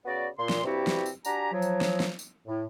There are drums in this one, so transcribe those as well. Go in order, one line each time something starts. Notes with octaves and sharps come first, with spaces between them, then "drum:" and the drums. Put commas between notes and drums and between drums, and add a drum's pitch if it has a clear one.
C#3 B3 F#4 D5
A#2 C6
drum: snare
G2 C3 C4 E4 F#4 G4
drum: snare
drum: tambourine
D4 F#4 G4 G#5 A#5, drum: tambourine
F3 F#3
drum: tambourine
drum: snare
drum: snare
drum: tambourine
A2